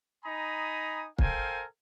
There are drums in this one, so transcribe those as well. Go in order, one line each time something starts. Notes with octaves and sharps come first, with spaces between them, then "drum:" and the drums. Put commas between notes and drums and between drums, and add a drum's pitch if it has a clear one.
D#4 G#5 A#5 B5 D#6
A4 A#4 C5 F5 G5 G#5, drum: kick